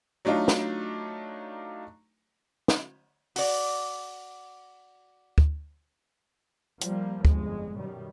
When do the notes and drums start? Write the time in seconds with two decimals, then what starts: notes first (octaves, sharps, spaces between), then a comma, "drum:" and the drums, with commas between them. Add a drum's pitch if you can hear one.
0.25 F#3 A3 D4 D#4 F4
0.48 drum: snare
2.68 drum: snare
3.36 F#4 D5, drum: open hi-hat
5.38 drum: kick D2
6.81 F3 G3 A#3, drum: hi-hat
7.25 G1 F2 G#3, drum: kick D2
7.75 F#2 B2 D#3 G3